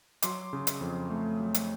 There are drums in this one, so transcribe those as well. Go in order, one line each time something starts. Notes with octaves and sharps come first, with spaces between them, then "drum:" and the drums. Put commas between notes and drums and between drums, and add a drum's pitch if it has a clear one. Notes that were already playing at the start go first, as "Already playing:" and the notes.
F#3 C6 D6, drum: hi-hat
C#3
drum: hi-hat
F2
A3
F#3
drum: hi-hat